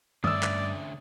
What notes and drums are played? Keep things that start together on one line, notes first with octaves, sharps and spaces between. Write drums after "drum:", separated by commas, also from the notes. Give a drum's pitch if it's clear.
G2 D3 A3 C#4 D5 E5 D#6 E6, drum: tom D3
drum: clap